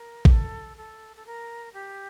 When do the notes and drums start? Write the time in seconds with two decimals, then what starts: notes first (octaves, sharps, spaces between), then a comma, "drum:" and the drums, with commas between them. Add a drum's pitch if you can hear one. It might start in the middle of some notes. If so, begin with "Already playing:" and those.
Already playing: A#4
0.25 G4, drum: kick A1
0.31 A4
0.77 A4
1.16 A4
1.26 A#4
1.74 G4